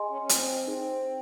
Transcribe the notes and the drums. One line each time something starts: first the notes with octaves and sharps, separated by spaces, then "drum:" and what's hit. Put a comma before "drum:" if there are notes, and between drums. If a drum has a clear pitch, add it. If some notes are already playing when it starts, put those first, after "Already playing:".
Already playing: G#4 D#5 G#5 C6
C#4
C#4
C4, drum: hi-hat
D#4 G#4 C5